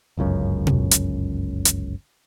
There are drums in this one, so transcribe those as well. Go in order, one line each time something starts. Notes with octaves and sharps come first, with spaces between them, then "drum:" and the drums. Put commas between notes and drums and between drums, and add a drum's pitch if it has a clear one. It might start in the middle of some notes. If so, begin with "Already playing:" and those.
G1 C#2 F#2 C#3
drum: tom B2
drum: hi-hat
drum: hi-hat